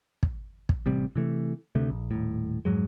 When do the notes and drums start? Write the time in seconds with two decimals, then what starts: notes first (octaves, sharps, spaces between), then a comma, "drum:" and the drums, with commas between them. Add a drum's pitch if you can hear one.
0.23 drum: kick
0.69 drum: kick
0.86 A1 C3 G3
1.16 C3 E3 A3
1.75 D2 C3 A3
1.90 A#1
2.11 D#1 A2
2.65 F2 G#2 F#3 G#3